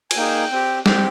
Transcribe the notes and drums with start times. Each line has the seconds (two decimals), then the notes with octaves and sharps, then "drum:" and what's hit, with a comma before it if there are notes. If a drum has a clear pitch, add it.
0.11 G#5, drum: cymbal
0.17 A#3 D#4 G#4 G5
0.51 C4 G4
0.86 C4 G4, drum: snare